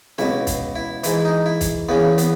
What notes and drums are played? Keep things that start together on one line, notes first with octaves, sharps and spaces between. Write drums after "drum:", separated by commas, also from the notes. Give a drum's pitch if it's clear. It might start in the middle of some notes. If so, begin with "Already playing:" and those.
C#2 B2 E4, drum: snare
drum: kick, hi-hat
E4
G#2 E3 E4, drum: hi-hat
D#4
E4
drum: kick, hi-hat
E2 C#3 E3 B3
B3, drum: hi-hat